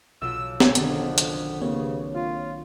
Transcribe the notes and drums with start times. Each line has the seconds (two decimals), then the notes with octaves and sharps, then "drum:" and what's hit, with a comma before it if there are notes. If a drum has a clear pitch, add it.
0.22 B1 F4 E6
0.60 C#5, drum: snare
0.75 F2 D3 D#3 B3 D4, drum: hi-hat
0.94 C#3
1.18 drum: hi-hat
1.61 G2 C#3 A#3 C4 C#5
2.14 F4